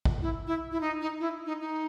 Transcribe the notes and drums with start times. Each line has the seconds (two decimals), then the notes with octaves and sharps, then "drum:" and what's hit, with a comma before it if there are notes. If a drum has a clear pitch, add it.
0.05 drum: kick
0.22 E4
0.47 E4
0.72 E4
0.81 D#4
1.01 D#4
1.20 E4
1.46 D#4
1.60 D#4